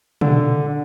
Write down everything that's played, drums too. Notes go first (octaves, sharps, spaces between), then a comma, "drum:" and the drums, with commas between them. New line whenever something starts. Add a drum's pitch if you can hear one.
D3, drum: tom